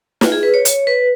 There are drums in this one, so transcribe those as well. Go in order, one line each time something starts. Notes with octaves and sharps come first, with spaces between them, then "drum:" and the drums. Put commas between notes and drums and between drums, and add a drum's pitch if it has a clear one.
F4, drum: snare
G#4
B4
C#5
C#5, drum: hi-hat
B4